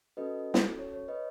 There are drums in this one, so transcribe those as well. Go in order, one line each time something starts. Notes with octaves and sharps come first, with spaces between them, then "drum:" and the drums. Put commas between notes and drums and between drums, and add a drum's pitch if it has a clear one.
C#4 F#4 A4 B4 D#5
drum: snare
C#5
C#5
B4 D#5